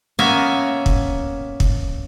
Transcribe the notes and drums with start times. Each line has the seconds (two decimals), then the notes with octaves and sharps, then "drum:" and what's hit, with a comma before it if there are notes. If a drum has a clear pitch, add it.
0.19 A#3 B3 C#4 E5 G#5 A#5
0.86 drum: kick
1.60 drum: kick